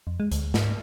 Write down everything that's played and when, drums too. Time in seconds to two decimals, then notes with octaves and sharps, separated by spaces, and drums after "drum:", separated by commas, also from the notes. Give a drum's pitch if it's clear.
0.07 F2
0.20 G#3
0.32 D2, drum: hi-hat
0.54 G#2, drum: snare